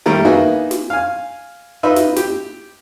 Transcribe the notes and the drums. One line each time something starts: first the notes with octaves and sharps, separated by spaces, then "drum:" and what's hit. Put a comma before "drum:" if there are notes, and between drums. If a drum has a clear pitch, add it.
D#3 G3 A3 G4 A#4
A#3 B3 D#4 E4 F#4 G#4
drum: snare
F5 G#5
D#4 F4 B4 E5
drum: snare
G4, drum: snare